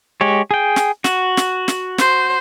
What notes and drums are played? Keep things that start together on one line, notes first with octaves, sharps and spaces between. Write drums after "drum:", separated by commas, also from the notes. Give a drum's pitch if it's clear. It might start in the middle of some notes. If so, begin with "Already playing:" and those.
G#3 G4 C#5
G#4 G5
drum: snare
F#4, drum: snare
drum: snare
drum: snare
C5, drum: snare